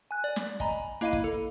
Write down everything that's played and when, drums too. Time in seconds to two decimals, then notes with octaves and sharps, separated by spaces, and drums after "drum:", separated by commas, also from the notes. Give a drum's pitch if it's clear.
0.11 G#5 F#6
0.24 D5
0.36 drum: snare
0.60 D#5 G#5 A#5 B5, drum: kick
1.01 A#3 E4 D#5 F5 B5 D#7
1.13 drum: kick
1.24 A4